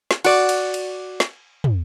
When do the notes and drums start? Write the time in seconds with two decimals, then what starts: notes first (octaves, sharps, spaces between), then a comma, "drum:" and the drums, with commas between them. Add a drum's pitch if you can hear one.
0.11 drum: snare
0.24 F#4 D5, drum: cymbal
0.49 drum: cymbal
0.74 drum: cymbal
1.20 drum: snare
1.64 drum: tom